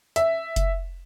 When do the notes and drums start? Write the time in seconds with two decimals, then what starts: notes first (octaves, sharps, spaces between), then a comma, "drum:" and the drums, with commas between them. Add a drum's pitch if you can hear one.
0.16 E5, drum: hi-hat
0.56 drum: kick F#1, hi-hat